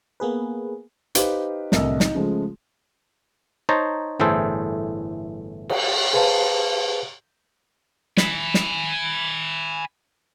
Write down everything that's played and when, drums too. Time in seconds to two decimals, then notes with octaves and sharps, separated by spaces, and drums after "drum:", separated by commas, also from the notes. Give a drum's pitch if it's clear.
0.20 A#3 B3 G#4 B4
1.15 D#4 G4 B4 C5 F5 G5, drum: hi-hat
1.72 C2 A2 D3 A#4 D#5 E6, drum: snare
2.00 D#4, drum: snare
2.15 C#3 F3 G#3 A3
3.69 D#4 C5 C#5 A5 A#5
4.20 G1 A2 E3 G#4 A4 C5
5.69 drum: cymbal
6.13 G#4 B4 C5 F5 A5
8.17 G#5 B5, drum: snare
8.54 drum: snare